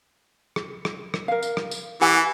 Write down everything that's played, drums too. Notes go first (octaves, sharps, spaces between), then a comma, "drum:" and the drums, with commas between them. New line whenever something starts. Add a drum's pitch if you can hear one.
drum: rim click
drum: rim click
drum: rim click
A#4 F5
drum: tambourine
drum: rim click
drum: tambourine
E3 G4 F#5 G#5